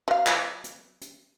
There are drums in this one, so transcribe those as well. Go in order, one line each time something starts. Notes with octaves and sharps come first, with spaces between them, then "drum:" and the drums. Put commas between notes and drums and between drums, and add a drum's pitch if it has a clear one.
F#3 F5
drum: clap
drum: hi-hat
drum: hi-hat